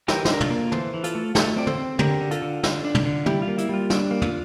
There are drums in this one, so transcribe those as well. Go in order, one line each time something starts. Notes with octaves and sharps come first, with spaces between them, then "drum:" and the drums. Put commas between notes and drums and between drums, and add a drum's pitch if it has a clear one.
E3 G4 A#4, drum: snare
C5, drum: snare
D4 A#4
F4 A4, drum: tom
A#3
E3 A4 C5, drum: tom
E3
F4 A4, drum: hi-hat
A3
A3 F4 A4, drum: snare
C4 D5
A4 C5, drum: tom
C4
D3 G4 A#4, drum: tom
D3
F4 A4, drum: hi-hat
D3
D3, drum: snare
D4
drum: tom
D3
G3 E4 G4, drum: tom
F4
A#3
E4, drum: hi-hat
G3 F4
D4, drum: snare
A#3
F4, drum: tom